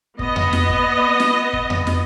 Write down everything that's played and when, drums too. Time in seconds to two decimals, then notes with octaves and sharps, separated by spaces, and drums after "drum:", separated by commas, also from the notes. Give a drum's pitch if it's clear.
0.19 B3 D#5, drum: kick
0.36 drum: tom F2
0.53 drum: snare
0.69 drum: kick
1.20 drum: snare
1.53 drum: kick
1.70 drum: tom F2
1.87 drum: snare